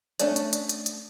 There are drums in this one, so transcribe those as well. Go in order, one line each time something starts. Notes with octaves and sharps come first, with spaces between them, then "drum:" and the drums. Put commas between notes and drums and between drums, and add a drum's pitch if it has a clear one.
A3 C#4 D4 D5, drum: hi-hat
drum: hi-hat
drum: hi-hat
drum: hi-hat
drum: hi-hat